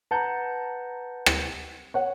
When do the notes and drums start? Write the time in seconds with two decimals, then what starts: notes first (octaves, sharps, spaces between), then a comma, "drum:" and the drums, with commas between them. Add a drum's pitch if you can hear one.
0.11 B4 F#5 A5 A#5 G6
1.26 drum: rim click
1.94 C#5 F#5